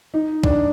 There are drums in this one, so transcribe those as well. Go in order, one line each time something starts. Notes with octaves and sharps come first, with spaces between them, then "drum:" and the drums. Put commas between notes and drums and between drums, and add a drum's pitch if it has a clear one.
D#4
D4, drum: kick